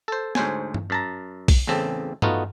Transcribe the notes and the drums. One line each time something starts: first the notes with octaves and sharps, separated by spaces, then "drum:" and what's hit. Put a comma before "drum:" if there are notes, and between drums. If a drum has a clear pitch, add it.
A4 C5
D2 G#2 C5 C#5 G#5, drum: snare B3
drum: tom G2
F#2 A5 A#5
drum: kick B1, open hi-hat
A1 E2 C#3 C4 A4
A3 B3 D#4 F4 F#4, drum: tom G2